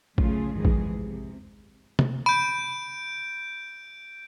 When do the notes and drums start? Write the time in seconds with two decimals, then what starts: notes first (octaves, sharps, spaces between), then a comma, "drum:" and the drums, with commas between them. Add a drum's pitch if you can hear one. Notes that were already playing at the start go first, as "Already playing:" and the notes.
0.18 F#2 C#3 A3 F4 G#4, drum: kick A1
0.53 F2 G#2 D#3 E3 G#4
0.65 drum: kick A1
0.90 C3
1.99 drum: tom
2.26 B5 G6 D7